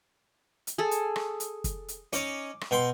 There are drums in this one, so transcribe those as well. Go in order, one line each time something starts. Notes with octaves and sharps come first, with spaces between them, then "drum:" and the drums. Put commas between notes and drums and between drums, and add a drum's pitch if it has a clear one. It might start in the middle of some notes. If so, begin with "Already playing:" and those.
drum: hi-hat
G#4 A4
drum: hi-hat
drum: rim click
drum: hi-hat
drum: kick, hi-hat
drum: hi-hat
C#4 D#4 C#5 D6, drum: hi-hat
drum: rim click
B2 G5 C6